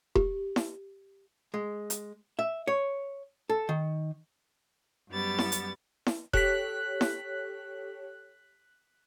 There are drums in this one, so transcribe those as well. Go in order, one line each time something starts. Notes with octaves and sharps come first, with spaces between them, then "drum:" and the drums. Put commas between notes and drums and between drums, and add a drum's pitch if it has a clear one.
G4, drum: kick E1
drum: snare E4
G#3
drum: hi-hat
E5
C#5
A4
D#3
F#2 G3 B3 A6
drum: snare E4
drum: hi-hat
drum: snare E4
G4 A4 C#5 F#6 B6, drum: kick E1
drum: snare E4